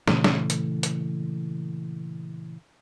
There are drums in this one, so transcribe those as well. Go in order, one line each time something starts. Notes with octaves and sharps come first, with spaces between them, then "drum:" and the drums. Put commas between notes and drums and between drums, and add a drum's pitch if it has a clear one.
A#2 C#3 E3 A3, drum: snare
drum: snare
drum: hi-hat
drum: hi-hat